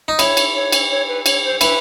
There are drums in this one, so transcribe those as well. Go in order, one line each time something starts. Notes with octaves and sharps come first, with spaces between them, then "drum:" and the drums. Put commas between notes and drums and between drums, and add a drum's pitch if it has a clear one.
D#4
E4 C#5, drum: cymbal
drum: cymbal
C#5
drum: cymbal
C#5
B4
C#5, drum: cymbal
C5
E4 B4, drum: cymbal